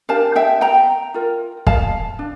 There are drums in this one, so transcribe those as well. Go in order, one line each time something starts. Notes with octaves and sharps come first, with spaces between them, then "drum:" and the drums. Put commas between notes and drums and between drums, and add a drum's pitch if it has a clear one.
D4 G4 A#4 F5 A5
E5 G5
G5 A#5
F4 A#4
F5 A5, drum: kick
D4